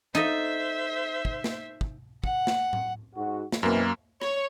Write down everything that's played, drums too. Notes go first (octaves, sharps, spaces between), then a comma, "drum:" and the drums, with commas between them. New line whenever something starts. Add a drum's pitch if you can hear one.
D#4 A4 C5 D#5 E5
drum: kick
drum: snare
drum: kick
F#5, drum: kick
drum: snare
drum: tom A2
G#2 F#4
drum: snare
F#2 B2 E3 A#3 C4
C#5, drum: rim click